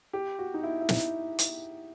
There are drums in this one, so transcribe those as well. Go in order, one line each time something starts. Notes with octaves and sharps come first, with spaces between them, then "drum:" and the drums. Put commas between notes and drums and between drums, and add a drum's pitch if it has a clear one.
G4
F#4
D#4
E4
E4
D#4, drum: snare
drum: hi-hat